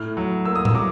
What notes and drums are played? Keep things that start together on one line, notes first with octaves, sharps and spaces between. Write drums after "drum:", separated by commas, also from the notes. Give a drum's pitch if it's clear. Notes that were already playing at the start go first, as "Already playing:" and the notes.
Already playing: A2 F6
F#3
A#3 E6
D#6
E6, drum: tom A2
F#3 D6